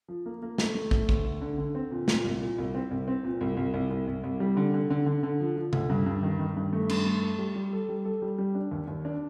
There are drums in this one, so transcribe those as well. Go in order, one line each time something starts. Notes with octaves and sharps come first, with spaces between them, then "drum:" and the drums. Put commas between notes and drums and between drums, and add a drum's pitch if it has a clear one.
F3
A#3
A#3
A3, drum: snare
A3
A3, drum: kick
D2, drum: kick
D2
D3
D3
C4
A#2
A#2, drum: snare
C2
A#2
C2
C4
C2
C4
A#2
C2
C2
C2
C2
C2
C2
G3
D3
D3
D3
D3
D3
F3
F3
D2, drum: tom C3
G2
G2
D#3
D#3
G2
A3
G2, drum: cymbal
A3
A4
G3
G3
A4
G3
A4
G3
G3
D4
D#2
D#2
D4